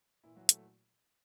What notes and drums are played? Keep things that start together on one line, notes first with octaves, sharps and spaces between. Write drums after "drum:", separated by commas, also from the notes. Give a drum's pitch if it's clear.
A#2 E3 E4
F#3 F#4
A3 A4, drum: hi-hat